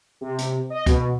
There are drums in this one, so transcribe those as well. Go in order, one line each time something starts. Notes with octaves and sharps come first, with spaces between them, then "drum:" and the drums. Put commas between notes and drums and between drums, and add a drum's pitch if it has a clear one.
C3
drum: hi-hat
D#5
B2, drum: kick, hi-hat